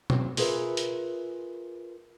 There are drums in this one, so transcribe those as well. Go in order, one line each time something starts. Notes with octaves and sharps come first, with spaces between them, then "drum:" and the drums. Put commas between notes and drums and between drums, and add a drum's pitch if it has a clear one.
D2 G2 F#3 C4, drum: tom
F4 G#4 A#4 B4 E5, drum: open hi-hat
drum: hi-hat